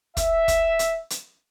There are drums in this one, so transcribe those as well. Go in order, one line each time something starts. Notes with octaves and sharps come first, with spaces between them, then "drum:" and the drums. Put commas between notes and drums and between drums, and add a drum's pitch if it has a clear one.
E5, drum: kick, hi-hat
drum: kick, hi-hat
drum: hi-hat
drum: hi-hat